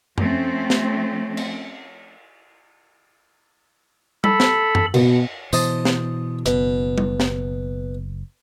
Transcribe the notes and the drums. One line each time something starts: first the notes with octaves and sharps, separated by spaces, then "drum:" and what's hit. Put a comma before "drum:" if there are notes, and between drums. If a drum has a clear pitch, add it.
F3 A3 C4 C#4, drum: tom F#2
drum: snare
drum: cymbal
A4 B5, drum: tom G3
drum: snare
drum: tom F#2
B2, drum: cymbal
B2 E3 C5 D#5 A5, drum: tambourine
drum: snare
F#1 B2, drum: hi-hat
drum: tom G3
drum: snare